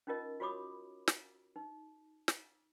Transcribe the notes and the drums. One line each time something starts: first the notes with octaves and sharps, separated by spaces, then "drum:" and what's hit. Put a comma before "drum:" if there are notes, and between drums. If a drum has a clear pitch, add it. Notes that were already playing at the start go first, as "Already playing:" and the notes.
C#4 D#4 F4 A#4 D#5
F4 F#4 C#5 B5 D6 D#6
drum: snare
D#4
drum: snare